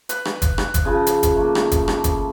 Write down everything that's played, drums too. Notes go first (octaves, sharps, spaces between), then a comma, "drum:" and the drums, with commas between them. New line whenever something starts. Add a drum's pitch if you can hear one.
B4, drum: hi-hat
drum: rim click
drum: kick, hi-hat
drum: rim click
drum: kick, hi-hat
C#3 F3
drum: hi-hat
drum: kick, hi-hat
A3 A#3
drum: rim click
drum: kick, hi-hat
drum: rim click
drum: kick, hi-hat